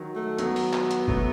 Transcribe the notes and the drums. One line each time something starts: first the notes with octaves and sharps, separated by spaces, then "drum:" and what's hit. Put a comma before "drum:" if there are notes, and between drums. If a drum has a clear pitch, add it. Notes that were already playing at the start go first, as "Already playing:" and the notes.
Already playing: D#3 F#3
A3
D#3 F#3 B3, drum: hi-hat
drum: open hi-hat
drum: clap
drum: hi-hat
F#3 A3, drum: kick G1